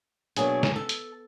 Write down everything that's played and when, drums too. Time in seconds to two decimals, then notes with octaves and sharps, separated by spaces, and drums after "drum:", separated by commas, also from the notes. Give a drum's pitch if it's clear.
0.36 B2 F#3 A#3 D4 G#4, drum: hi-hat
0.63 drum: snare
0.76 A4
0.89 drum: hi-hat